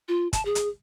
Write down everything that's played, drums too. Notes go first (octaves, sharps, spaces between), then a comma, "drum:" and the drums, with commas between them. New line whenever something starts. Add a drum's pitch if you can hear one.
F4
A5, drum: kick, hi-hat
G#4
drum: hi-hat